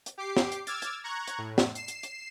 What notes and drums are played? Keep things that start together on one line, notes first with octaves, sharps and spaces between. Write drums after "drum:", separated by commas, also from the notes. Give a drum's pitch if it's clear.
drum: hi-hat
G4 D6 C7
drum: snare
drum: hi-hat
D6 E6 F6 G#6 A6, drum: hi-hat
drum: hi-hat
A#5 C#6 F#6 G#6
drum: hi-hat
A2
drum: snare
C7 E7, drum: hi-hat
drum: hi-hat
drum: hi-hat